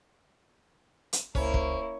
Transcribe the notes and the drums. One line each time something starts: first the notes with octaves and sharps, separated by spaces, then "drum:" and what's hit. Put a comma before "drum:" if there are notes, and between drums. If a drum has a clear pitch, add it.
drum: hi-hat
C#2 A#3 C#4 E4 C5, drum: kick
drum: kick